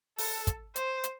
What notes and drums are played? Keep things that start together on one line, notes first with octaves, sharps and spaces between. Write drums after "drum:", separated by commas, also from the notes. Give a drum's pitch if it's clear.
A4, drum: open hi-hat
drum: kick, hi-hat
C5, drum: hi-hat
drum: hi-hat